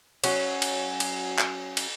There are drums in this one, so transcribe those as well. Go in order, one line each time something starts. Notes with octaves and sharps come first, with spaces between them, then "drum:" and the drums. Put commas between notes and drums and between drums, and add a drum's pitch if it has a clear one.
F#3 C#4, drum: cymbal
drum: cymbal
drum: cymbal
drum: clap
drum: cymbal